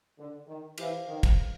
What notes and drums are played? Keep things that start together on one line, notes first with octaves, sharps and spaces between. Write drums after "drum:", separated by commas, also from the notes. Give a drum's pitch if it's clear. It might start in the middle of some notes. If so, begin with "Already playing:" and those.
D3
D#3
E3 G4 C5 F5, drum: cymbal
D#3
drum: kick, cymbal